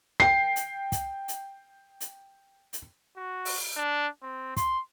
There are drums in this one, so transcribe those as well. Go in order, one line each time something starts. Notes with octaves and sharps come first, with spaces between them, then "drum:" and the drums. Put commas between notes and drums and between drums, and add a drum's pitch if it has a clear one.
G5 C7, drum: kick
drum: hi-hat
drum: kick, hi-hat
drum: hi-hat
drum: hi-hat
drum: hi-hat
F#4
drum: open hi-hat
D4
C4
C6, drum: kick, hi-hat